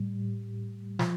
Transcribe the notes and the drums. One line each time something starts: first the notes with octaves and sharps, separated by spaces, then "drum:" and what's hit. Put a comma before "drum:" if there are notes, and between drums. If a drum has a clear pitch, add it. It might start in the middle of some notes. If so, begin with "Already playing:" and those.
Already playing: A2 G3
F3, drum: snare